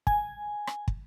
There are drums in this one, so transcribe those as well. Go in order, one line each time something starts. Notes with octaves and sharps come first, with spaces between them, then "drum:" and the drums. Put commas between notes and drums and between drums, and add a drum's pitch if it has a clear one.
G#5, drum: kick
drum: rim click
drum: kick